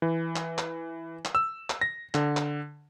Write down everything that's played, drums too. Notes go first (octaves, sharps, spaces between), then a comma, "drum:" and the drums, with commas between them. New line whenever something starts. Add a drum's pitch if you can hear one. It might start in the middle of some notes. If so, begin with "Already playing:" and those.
E3
drum: clap
drum: clap
drum: clap
E6
drum: clap
A#6
D3, drum: clap
drum: clap